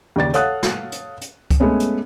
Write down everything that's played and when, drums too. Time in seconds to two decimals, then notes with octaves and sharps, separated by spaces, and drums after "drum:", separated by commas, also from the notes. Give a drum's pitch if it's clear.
0.16 D#2 C#3 D5 A6
0.33 A4 C#5 F5 F#5 D#6 F#6, drum: hi-hat
0.63 drum: snare
0.92 drum: hi-hat
1.21 drum: hi-hat
1.51 drum: kick C#2, hi-hat
1.60 G#3 A3 B3 C#4
1.80 drum: hi-hat